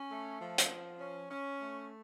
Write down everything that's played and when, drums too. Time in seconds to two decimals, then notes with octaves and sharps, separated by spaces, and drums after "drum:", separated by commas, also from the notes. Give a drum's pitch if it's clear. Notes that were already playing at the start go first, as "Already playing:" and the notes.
Already playing: C#4
0.10 A3
0.40 F3
0.58 drum: hi-hat
0.70 F3
0.99 C#4
1.30 C#4
1.60 A3